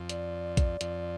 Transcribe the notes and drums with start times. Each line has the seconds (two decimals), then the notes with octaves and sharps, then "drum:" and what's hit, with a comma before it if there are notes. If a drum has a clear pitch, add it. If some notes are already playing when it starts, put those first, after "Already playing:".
Already playing: F2
0.09 D5, drum: hi-hat
0.57 drum: kick A#1, hi-hat
0.81 F2, drum: hi-hat